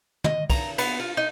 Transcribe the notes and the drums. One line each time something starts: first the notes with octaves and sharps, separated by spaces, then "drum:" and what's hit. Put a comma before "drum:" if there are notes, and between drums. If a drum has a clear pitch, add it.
D#5, drum: tom
A#5, drum: kick, cymbal
B3, drum: cymbal
F4
D#4